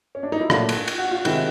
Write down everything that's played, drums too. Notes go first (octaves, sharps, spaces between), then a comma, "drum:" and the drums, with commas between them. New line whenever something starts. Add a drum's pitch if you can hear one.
C#4
D4
D#4
E4
A#2 F#3 A3 D4 F4, drum: rim click
drum: cymbal
drum: cymbal
F#4
F4
C3 D#3 G#3 E4, drum: cymbal